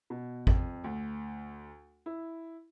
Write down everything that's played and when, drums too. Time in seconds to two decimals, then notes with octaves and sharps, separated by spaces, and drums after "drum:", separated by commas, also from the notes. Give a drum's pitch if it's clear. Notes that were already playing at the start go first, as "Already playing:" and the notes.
0.10 B2
0.47 F2, drum: kick G#1
0.84 D2
2.06 E4